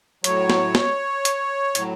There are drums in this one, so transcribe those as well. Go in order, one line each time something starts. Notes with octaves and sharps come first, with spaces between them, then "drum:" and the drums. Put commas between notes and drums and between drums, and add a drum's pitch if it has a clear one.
A2 F#3 C#5, drum: hi-hat
drum: snare
drum: snare
drum: hi-hat
A2 F#3, drum: hi-hat